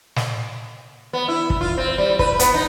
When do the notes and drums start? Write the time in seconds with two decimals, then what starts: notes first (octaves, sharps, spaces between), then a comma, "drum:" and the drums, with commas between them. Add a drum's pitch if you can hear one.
0.16 drum: snare
1.13 B3
1.28 E4
1.50 drum: kick
1.61 F4
1.78 C4
1.98 G3
2.19 B4, drum: kick
2.39 B3, drum: hi-hat
2.54 D#4